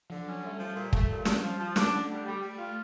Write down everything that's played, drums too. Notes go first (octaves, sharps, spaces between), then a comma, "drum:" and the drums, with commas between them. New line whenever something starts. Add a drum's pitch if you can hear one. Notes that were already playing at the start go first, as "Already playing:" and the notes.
D3 F3
F#3 C#4
G3 A3
F3
A#2
A3, drum: kick
A#2
D4, drum: snare
F3
F3
D4, drum: snare
D3 A3
G3
G3
G3
F4